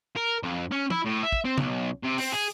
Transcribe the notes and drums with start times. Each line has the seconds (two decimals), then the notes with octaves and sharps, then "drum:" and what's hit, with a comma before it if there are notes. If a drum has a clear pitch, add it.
0.16 A#4
0.43 F2
0.71 C#4
0.90 E4, drum: tom
1.05 A2
1.23 E5
1.32 drum: kick
1.45 C4
1.58 B1, drum: tom
2.03 C3
2.18 C4, drum: open hi-hat
2.32 G#4